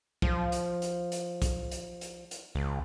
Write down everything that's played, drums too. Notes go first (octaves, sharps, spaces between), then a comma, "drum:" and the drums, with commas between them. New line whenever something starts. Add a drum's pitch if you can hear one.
F3, drum: kick
drum: hi-hat
drum: hi-hat
drum: hi-hat
drum: kick, hi-hat
drum: hi-hat
drum: hi-hat
drum: hi-hat
C#2